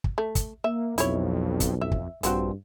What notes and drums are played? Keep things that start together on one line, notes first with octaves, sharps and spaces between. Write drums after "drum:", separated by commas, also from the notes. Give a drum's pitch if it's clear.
drum: kick
A3
drum: kick, hi-hat
A#3 E5
B1 F2 E4 C#5, drum: hi-hat
drum: kick, hi-hat
F2 E5
drum: kick
A#1 G2 F3 C4 F#4, drum: hi-hat